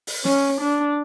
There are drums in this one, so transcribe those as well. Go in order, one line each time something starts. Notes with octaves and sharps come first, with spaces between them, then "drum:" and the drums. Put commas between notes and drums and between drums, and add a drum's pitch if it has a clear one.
drum: open hi-hat
C#4, drum: snare
D4